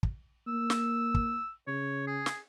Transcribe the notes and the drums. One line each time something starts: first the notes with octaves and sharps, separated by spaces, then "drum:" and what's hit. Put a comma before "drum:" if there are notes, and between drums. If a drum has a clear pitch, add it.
drum: kick
A#3 E6
drum: snare
drum: kick
C#3 C#5
G#4
drum: snare